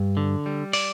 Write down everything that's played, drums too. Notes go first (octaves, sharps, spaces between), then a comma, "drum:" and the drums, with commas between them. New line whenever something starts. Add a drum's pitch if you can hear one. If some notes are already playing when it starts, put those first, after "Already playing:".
Already playing: G2
D3
G3
D5, drum: open hi-hat